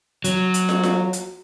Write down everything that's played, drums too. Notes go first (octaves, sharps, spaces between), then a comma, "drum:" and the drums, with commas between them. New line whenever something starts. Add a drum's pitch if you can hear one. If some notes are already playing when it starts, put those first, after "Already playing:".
F#3, drum: hi-hat
drum: hi-hat
drum: snare
drum: snare
drum: hi-hat